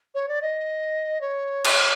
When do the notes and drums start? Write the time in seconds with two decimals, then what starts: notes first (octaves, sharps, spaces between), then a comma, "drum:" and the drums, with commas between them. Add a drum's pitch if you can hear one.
0.15 C#5
0.29 D5
0.42 D#5
1.21 C#5
1.64 drum: cymbal